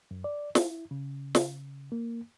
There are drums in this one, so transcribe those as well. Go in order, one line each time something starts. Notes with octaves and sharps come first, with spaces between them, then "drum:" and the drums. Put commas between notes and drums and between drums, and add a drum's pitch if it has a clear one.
F#2
D5
E4, drum: snare
C#3
drum: snare
A#3